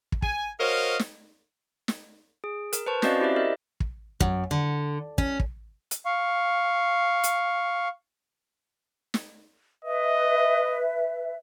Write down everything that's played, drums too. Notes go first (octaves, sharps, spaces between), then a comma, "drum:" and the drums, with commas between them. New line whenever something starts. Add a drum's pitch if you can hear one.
drum: kick
G#5, drum: kick
F#4 A#4 C5 C#5 D#5 F5
drum: snare
drum: snare
G#4
A#4, drum: hi-hat
B4 C5 A5 C#6
C4 C#4 F#4 D5 D#5 F5, drum: snare
E4 G4 C5 D5 E5
A#4 D#5 E5
drum: kick
F#2, drum: kick
D3
C#4, drum: kick
drum: kick
drum: hi-hat
F5 C#6
drum: hi-hat
drum: snare
B4 D#5 E5